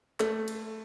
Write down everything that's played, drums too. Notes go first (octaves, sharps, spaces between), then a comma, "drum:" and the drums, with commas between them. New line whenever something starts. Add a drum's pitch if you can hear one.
A3, drum: clap
drum: cymbal